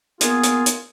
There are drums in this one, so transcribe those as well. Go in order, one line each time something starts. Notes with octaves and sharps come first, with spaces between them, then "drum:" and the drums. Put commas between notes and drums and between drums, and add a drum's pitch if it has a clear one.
A#3 B3 F4 G#4, drum: hi-hat
drum: hi-hat
drum: hi-hat